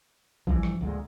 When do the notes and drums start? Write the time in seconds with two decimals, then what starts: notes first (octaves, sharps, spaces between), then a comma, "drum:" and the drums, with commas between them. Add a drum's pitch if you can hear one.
0.47 G2 E3 F3, drum: kick A1
0.63 drum: rim click
0.81 D2 A#2 G#3